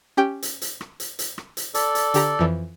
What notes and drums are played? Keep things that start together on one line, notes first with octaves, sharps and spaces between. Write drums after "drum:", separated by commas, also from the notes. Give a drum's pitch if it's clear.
C#4 G4 G5
drum: hi-hat
drum: hi-hat
drum: rim click
drum: hi-hat
drum: hi-hat
drum: rim click
drum: hi-hat
A4 D5, drum: hi-hat
drum: hi-hat
D3 G4 A#5, drum: hi-hat
F2 E3